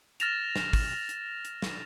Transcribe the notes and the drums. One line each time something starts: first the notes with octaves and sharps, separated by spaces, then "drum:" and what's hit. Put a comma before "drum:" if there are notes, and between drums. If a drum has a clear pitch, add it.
F6 A6 A#6 E7 F7, drum: hi-hat
drum: snare
drum: kick, open hi-hat
drum: hi-hat
drum: hi-hat
drum: snare